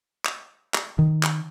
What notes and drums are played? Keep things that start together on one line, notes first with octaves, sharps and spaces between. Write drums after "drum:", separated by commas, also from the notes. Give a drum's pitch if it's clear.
drum: clap
drum: clap
D#3
drum: clap